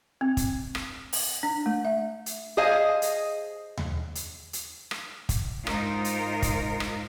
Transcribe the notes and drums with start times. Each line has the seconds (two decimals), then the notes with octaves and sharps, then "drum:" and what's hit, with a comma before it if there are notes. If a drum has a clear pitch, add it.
0.21 C4
0.37 drum: kick, hi-hat
0.75 drum: rim click
1.13 drum: open hi-hat
1.43 D4
1.66 A3
1.85 E5
2.26 drum: hi-hat
2.57 G#4 C5 D#5 F5 G#5
3.02 drum: hi-hat
3.77 drum: tom D#2
4.15 drum: hi-hat
4.53 drum: hi-hat
4.91 drum: rim click
5.29 drum: kick, hi-hat
5.67 G#2 D#4 F4 A#4 C5, drum: rim click
6.05 drum: hi-hat
6.42 drum: kick, hi-hat
6.80 drum: rim click